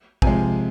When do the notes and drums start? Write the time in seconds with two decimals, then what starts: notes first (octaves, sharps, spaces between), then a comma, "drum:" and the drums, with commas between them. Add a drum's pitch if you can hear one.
0.22 C3 F3 G#3 G#5, drum: kick